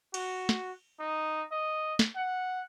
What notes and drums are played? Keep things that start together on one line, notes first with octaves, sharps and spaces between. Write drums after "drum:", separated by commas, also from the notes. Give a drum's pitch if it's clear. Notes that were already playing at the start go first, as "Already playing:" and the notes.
F#4, drum: cymbal
drum: snare
D#4
D#5
drum: snare
F#5